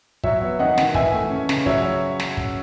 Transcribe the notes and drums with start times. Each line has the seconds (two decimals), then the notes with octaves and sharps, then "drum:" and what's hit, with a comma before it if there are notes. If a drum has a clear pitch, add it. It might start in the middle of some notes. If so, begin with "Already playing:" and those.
0.24 F#3 C#5 E5, drum: kick
0.42 B3
0.59 D#3 D#5 F#5
0.78 D#3, drum: snare
0.94 E3 E5 G#5, drum: kick
1.13 A3
1.30 C#4
1.49 C#3, drum: snare
1.66 F#3 C#5 E5, drum: kick
2.20 drum: snare
2.37 drum: kick